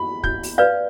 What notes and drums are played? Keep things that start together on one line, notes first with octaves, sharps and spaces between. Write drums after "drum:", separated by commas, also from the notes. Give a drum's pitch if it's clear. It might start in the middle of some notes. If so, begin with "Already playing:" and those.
Already playing: B5
G6, drum: kick
drum: open hi-hat
B4 D5 F5 G6